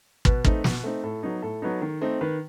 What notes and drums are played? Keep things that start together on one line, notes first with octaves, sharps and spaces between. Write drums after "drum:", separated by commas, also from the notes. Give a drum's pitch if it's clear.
B2 B4, drum: kick
A3 C4 D#4, drum: kick
B2, drum: snare
A3 C4 D#4
A2 A4
F#3 B3 D#4
A2 A4
F#3 B3 D#4
D#3
A3 C4 D#4
D#3 B4